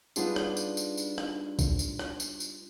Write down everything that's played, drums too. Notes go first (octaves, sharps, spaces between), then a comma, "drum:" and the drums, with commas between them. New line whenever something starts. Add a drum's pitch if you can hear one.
G3 B3 D4 D#4 F4 G#4, drum: tambourine
drum: rim click
drum: tambourine
drum: tambourine
drum: tambourine
drum: rim click
drum: kick A#1, tambourine
drum: tambourine
drum: rim click
drum: tambourine
drum: tambourine